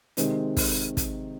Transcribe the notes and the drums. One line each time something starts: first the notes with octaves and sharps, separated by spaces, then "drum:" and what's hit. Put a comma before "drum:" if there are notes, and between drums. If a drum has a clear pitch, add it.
C3 D#3 G#3 C4 D#4, drum: hi-hat
drum: kick, open hi-hat
drum: kick, hi-hat